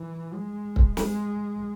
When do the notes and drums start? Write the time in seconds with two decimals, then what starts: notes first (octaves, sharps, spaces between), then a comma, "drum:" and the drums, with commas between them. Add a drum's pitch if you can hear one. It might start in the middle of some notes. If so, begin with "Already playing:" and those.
Already playing: E3
0.34 G#3
0.76 drum: kick C#1
0.97 G#3, drum: snare